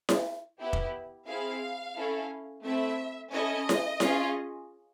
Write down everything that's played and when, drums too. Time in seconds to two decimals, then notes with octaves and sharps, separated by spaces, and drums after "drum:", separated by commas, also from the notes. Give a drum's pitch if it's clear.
0.09 drum: snare E4
0.59 B3 E4 G4
0.73 drum: kick F1
1.27 C4 E4 G#4 F5
1.95 C#4 E4 A4
2.63 A3 C4 E4 E5
3.32 C#4 E4 A4 D#5
3.69 drum: snare E4
4.00 C#4 F4 G#4, drum: snare E4